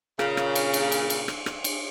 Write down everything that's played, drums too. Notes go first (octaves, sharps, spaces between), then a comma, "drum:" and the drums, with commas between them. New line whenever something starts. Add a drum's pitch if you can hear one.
A#2 C#3, drum: rim click
drum: rim click
drum: cymbal
drum: cymbal
drum: cymbal
drum: cymbal
drum: rim click
drum: rim click
drum: cymbal